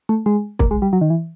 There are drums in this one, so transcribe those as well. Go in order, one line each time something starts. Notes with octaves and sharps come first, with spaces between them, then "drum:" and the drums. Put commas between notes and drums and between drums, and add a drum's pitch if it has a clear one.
A3
G#3
A#3, drum: kick
G#3
G3
F#3
D#3
E3